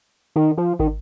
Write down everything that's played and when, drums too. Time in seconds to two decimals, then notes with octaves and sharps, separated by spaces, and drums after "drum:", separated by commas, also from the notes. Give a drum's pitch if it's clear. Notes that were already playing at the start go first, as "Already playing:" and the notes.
0.36 D#3
0.57 F3
0.79 D#3, drum: kick